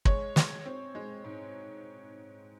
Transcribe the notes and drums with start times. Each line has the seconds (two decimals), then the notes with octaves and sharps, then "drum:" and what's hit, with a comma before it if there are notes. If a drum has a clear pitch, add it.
0.05 G#3 C#5, drum: kick
0.36 G#3, drum: snare
0.66 C4
0.95 G#3
1.24 G#2